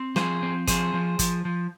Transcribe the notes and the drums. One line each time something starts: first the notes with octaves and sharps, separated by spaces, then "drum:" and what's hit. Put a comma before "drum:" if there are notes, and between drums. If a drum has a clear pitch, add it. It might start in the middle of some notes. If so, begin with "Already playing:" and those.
Already playing: C4
F3 G#4 C5, drum: snare
C4
F3 G#4 C5, drum: kick G#1, hi-hat
F3
F3, drum: kick G#1, hi-hat
F3